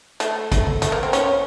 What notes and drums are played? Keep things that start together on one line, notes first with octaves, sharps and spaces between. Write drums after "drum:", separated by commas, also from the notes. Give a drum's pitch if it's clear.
A3, drum: hi-hat
A3, drum: kick, hi-hat
A3, drum: hi-hat
A#3
C4
C#4, drum: hi-hat